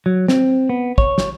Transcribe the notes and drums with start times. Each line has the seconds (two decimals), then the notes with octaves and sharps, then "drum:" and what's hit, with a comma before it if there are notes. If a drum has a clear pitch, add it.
0.06 F#3
0.28 C4, drum: snare
0.69 B3
0.98 C#5, drum: kick
1.18 drum: snare